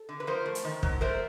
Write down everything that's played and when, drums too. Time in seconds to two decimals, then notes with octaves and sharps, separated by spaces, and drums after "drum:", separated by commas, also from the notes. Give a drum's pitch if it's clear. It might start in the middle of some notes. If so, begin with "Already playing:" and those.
Already playing: A4
0.09 D3
0.20 B4
0.27 F3 A#4 C5
0.46 A3
0.55 drum: hi-hat
0.64 D#3
0.83 F#3, drum: kick
1.01 A3 A#4 C5